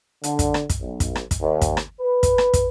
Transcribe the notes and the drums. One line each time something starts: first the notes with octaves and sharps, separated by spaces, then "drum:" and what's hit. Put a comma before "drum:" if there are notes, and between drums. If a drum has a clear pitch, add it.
D3, drum: hi-hat
drum: kick, hi-hat
drum: rim click
drum: kick, hi-hat
B1
drum: kick, hi-hat
drum: rim click
drum: kick, hi-hat
D#2
drum: kick, hi-hat
drum: rim click
B4
drum: kick, hi-hat
drum: rim click
drum: kick, hi-hat